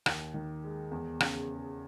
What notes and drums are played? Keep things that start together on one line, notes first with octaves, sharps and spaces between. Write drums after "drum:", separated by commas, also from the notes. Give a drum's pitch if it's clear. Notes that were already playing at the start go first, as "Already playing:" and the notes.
D#2, drum: rim click
D#3
G#3
E2
C#3, drum: rim click